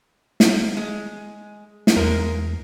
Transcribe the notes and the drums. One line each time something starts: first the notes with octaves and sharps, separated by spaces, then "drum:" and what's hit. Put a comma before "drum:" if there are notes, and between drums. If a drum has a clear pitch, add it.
drum: snare
G#3
drum: snare
E2 G#3 A#4